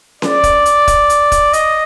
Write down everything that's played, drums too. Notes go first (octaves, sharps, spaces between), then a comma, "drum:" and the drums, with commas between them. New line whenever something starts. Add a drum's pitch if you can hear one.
D5, drum: snare C#4
drum: kick, hi-hat
drum: hi-hat
drum: kick, hi-hat
drum: hi-hat
drum: kick, hi-hat
D#5, drum: hi-hat